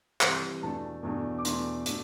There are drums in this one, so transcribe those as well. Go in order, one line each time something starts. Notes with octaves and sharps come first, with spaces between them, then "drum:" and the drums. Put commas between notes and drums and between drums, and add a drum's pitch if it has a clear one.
C3 E3 G3 C6, drum: clap
E2 B2 A3 D4 A5
E2 B2 A3 D4
D6
E2 B2 A3 D4 C6, drum: hi-hat
B2 A3 D4, drum: hi-hat